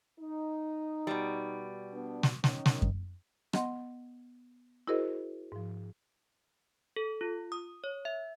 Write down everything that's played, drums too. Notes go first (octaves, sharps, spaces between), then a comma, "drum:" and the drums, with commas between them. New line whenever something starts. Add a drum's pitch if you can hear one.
D#4
B2 G3
B3 D4
drum: snare
D#3 C#4, drum: snare
drum: snare
drum: kick F#2
B3 D#5 F#5 C6, drum: rim click
E4 F#4 G#4 A#4 C5 D#5
G#2 F3
A4
F4
D#6
C#5
E5